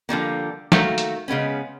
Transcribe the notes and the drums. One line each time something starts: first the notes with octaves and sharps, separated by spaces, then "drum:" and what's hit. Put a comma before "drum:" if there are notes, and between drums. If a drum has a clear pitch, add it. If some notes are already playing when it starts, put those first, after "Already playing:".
D3 F3 G3 A#3
D#3 A3 A#3 F#4, drum: snare
drum: hi-hat
C#3 G#3 B3 C#4